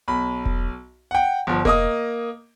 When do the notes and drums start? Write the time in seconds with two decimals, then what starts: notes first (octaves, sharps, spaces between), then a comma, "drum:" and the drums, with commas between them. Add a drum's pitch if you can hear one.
0.08 B1 B5
0.46 drum: kick E1
1.11 F#5 G5
1.47 G1 F3
1.65 A#3 D#5 D#6, drum: kick E1